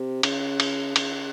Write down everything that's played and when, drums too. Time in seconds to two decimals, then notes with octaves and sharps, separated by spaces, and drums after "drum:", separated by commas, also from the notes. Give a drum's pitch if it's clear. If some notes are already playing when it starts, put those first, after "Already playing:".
Already playing: C3
0.23 C#3, drum: cymbal
0.60 drum: cymbal
0.96 C#3, drum: cymbal